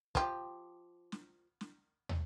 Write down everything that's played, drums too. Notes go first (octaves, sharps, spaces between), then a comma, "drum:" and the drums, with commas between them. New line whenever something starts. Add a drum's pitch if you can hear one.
F3 G4, drum: kick
drum: snare
drum: snare
drum: tom